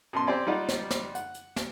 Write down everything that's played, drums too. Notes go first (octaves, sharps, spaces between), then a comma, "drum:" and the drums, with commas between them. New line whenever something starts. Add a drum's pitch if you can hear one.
F#2 B2 A5 C6
C4 G4 C5 D5 G#5 B5
G3 D#4 F4 D5 F#5
drum: snare
drum: snare
F#5, drum: hi-hat
drum: hi-hat
drum: snare